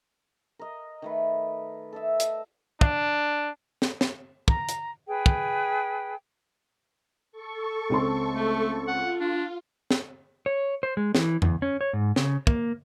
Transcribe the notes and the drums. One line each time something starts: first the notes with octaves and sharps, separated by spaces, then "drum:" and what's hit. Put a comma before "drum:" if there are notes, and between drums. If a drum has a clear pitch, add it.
A#4 D#5
D#3 A3 B4
A4 D#5 E5
drum: hi-hat
D4, drum: kick
drum: snare
drum: snare
A#5, drum: kick
drum: hi-hat
G#4 B4 G5
drum: kick
A4 C#6
C#2 C4 C6
A3
F4 F#5
D4
drum: snare
C#5
C5
G#3
E3, drum: snare
E2, drum: tom F2
C#4
C#5
G#2
C#3, drum: snare
A#3, drum: kick